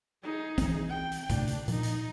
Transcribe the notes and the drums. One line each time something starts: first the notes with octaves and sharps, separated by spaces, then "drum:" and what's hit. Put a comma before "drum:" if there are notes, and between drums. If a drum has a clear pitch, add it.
D#4 G#4
E3 C4, drum: kick, hi-hat
G5
drum: hi-hat
D2 A2 C3 D4, drum: kick, hi-hat
drum: hi-hat
A#2 F3 D#4, drum: hi-hat
drum: hi-hat